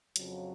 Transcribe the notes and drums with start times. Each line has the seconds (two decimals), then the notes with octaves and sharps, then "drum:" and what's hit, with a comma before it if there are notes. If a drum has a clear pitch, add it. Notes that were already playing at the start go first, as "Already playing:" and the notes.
0.16 F2 C#3 F#3, drum: hi-hat